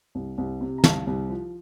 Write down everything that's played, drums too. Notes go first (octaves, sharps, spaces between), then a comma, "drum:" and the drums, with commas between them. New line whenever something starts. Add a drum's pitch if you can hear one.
C2
C2
C3
A#5
C2 F5 A5, drum: snare
C2
F3